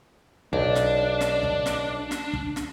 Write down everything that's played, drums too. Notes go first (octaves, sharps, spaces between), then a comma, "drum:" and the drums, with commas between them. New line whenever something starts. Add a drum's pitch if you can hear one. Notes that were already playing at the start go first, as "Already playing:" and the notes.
B1 D4, drum: kick
drum: snare
drum: snare
drum: kick
drum: snare
drum: snare
drum: kick
drum: snare